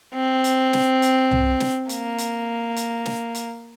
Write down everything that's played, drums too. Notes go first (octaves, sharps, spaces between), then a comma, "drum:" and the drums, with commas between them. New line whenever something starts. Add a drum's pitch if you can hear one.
C4
drum: hi-hat
drum: snare
drum: hi-hat
drum: tom C2
drum: snare
A#3, drum: hi-hat
drum: hi-hat
drum: hi-hat
drum: snare
drum: hi-hat